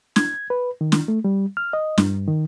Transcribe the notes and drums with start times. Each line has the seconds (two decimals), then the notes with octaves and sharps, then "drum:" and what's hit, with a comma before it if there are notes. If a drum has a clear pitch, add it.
0.16 G#6, drum: snare
0.50 B4
0.81 D#3
0.92 drum: snare
1.08 A3
1.24 G3
1.57 F6
1.73 D#5
1.98 G2, drum: snare
2.28 D#3